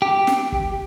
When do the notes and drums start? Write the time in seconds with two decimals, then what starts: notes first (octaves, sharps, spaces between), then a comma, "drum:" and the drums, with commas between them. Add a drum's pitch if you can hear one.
0.02 G4
0.27 drum: snare
0.52 drum: kick